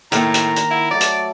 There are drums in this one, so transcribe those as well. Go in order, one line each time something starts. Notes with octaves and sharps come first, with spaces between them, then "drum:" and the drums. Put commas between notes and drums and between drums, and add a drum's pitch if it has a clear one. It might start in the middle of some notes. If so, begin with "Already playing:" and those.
A2 D#3 A#3 A#5, drum: hi-hat
drum: hi-hat
drum: hi-hat
E4 F#5
F#3 A3 D5
drum: hi-hat